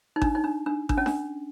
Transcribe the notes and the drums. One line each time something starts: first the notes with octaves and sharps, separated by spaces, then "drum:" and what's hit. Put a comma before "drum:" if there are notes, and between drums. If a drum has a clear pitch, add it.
D#4
D4, drum: kick G#1
D#4
D4
D4
D4, drum: kick G#1
C#4
D4, drum: snare D#4